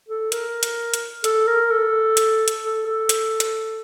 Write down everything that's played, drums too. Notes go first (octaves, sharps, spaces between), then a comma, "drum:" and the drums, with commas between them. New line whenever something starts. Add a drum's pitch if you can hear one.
A4
A#4, drum: hi-hat
drum: hi-hat
drum: hi-hat
A4, drum: hi-hat
A#4
A4
drum: hi-hat
drum: hi-hat
A4
A4
drum: hi-hat
drum: hi-hat